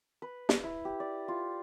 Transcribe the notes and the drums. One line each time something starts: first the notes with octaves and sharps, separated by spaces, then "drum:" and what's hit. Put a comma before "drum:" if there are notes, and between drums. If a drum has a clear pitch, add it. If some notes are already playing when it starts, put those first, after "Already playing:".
B4
drum: snare
E4
G4
D5
F4